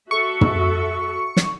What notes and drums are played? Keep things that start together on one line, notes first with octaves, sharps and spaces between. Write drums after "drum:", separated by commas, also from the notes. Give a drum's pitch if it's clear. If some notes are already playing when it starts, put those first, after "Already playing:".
F#4 A4 E5 C#6
drum: tom
drum: snare